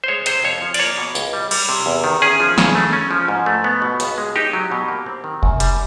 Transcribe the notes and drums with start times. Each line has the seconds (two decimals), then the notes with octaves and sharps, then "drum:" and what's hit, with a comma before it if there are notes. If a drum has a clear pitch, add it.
0.04 C5
0.08 G#3 C#5
0.26 C3 C5, drum: hi-hat
0.44 F2 C#5
0.62 F3
0.74 D5, drum: cymbal
0.79 A#3 C#5
0.98 B2
1.15 C#2, drum: tambourine
1.33 G3
1.51 G3, drum: cymbal
1.69 C3
1.86 E2
2.04 D#3
2.22 C#4 G#4
2.40 F3
2.58 C#3, drum: snare
2.75 A3
2.93 C#4
3.11 F3
3.28 G#2
3.46 A3
3.64 B3
3.82 B2
4.00 C#2, drum: hi-hat
4.18 G#3
4.36 D#4 G4
4.53 F#3
4.71 B2
4.88 A#3
5.06 C4
5.24 D#3
5.43 F#2, drum: kick F1
5.60 G3, drum: hi-hat